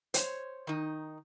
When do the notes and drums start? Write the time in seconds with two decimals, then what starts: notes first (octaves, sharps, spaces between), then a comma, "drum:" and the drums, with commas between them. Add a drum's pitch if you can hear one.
0.14 C5 C#5, drum: hi-hat
0.67 D#3 D#4